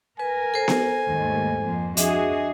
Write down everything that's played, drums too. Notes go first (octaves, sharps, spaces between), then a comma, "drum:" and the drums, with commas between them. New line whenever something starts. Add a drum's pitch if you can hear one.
A#4 B4 G#5
A4 C5
drum: snare B3
D#2 G#2 A3
F2 A#3
D4 F#4 G#4 D#5 E5, drum: hi-hat